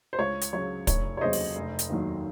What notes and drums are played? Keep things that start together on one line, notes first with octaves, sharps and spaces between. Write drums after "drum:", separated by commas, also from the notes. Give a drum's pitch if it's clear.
C5
C#2 C#5
drum: hi-hat
C#3 F#3 C#5
F1 C#5, drum: kick, hi-hat
C#5
D#2 C#3 F#3 C5 D#5
drum: open hi-hat
F1
drum: hi-hat
D#2 D#3 F#3